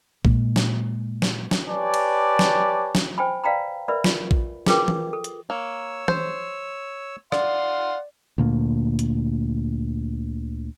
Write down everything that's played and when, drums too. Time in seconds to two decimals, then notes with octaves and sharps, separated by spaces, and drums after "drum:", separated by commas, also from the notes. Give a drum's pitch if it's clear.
0.25 A#2 G#3, drum: kick A#1
0.56 drum: snare
1.22 drum: snare
1.51 drum: snare
1.68 G4 B4 C#5 D5 G#5 A5
1.94 drum: cymbal
2.39 drum: snare
2.95 drum: snare
3.18 C5 G5 G#5 B5
3.44 B4 D5 F5 G5 A#5 B5
3.88 A#4 B4 D5 E5 B5
4.04 F4, drum: snare
4.31 drum: kick A#1
4.67 F4 G#4 A#4 B4 G5 D6, drum: snare
4.88 drum: tom E3
5.13 A4
5.24 drum: hi-hat
5.50 A#3 C#5 E6
6.08 C5, drum: tom E3
7.32 D5 F5 F#5 C6, drum: rim click
8.38 D2 A#2 A#3
8.99 drum: hi-hat